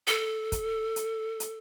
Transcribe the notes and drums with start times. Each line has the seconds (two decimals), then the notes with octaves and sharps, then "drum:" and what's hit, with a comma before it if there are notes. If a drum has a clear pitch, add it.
0.07 A4, drum: hi-hat
0.52 drum: kick, hi-hat
0.96 drum: hi-hat
1.40 drum: hi-hat